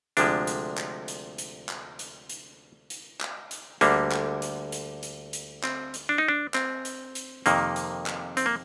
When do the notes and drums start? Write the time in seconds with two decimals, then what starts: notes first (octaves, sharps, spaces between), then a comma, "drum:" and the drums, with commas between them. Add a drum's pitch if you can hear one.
0.17 D2 C3 F3 G#3 D4, drum: hi-hat
0.47 drum: hi-hat
0.78 drum: clap
1.08 drum: hi-hat
1.38 drum: hi-hat
1.69 drum: clap
1.99 drum: hi-hat
2.30 drum: hi-hat
2.90 drum: hi-hat
3.21 drum: clap
3.51 drum: hi-hat
3.81 D2 D3 G3 A#3, drum: hi-hat
4.12 drum: clap
4.42 drum: hi-hat
4.72 drum: hi-hat
5.03 drum: hi-hat
5.33 drum: hi-hat
5.64 C4, drum: clap
5.94 drum: hi-hat
6.09 D4
6.18 D#4
6.28 D4
6.54 C4, drum: clap
6.85 drum: hi-hat
7.15 drum: hi-hat
7.46 F2 C3 D#3 A#3, drum: hi-hat
7.76 drum: hi-hat
8.06 drum: clap
8.37 C4, drum: hi-hat
8.46 A#3